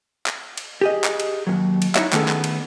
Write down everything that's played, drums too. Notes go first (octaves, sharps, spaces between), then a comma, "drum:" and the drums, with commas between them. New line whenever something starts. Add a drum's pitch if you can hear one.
drum: clap
drum: cymbal
G4 G#4 D#5
drum: clap
drum: cymbal
D#2 A#2 F#3
drum: cymbal
D#4 E4 F#4 C#5 E5, drum: clap
D#3 A3 B3 C#4 G#4 A4, drum: clap
drum: clap
drum: cymbal